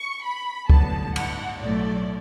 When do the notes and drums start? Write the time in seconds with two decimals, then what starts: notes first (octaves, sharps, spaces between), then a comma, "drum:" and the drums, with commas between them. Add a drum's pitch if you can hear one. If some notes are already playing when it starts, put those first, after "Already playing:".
Already playing: C#6
0.24 B5
0.70 A1 G2 D3 F#3 B3 A5, drum: kick C#2
1.16 F#5, drum: cymbal
1.62 B1 A2 F#3 A3 D5